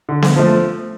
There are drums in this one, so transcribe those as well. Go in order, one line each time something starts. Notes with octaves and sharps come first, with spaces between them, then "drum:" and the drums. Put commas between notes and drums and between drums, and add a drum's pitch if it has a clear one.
D3
drum: snare B3
F3 A3